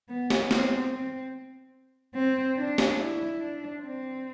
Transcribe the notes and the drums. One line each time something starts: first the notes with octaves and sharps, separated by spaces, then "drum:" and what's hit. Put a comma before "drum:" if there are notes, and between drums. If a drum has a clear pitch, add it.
B3
drum: snare
C4, drum: snare
C4
C4
D4
drum: snare
E4
D4
C4